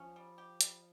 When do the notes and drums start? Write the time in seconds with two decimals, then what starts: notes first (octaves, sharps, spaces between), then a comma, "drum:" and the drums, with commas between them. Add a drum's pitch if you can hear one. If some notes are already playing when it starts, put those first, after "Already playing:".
Already playing: F3 C#4
0.16 G3
0.38 G4
0.61 G3, drum: hi-hat